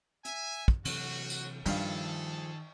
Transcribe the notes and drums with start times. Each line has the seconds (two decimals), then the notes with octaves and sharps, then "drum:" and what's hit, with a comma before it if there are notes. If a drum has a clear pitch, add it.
0.25 E5 G#5, drum: hi-hat
0.68 drum: kick
0.85 C3 E3 F#3 F#4, drum: cymbal
1.30 drum: tambourine
1.66 G2 D#3 F3 G#4 A4 F5, drum: cymbal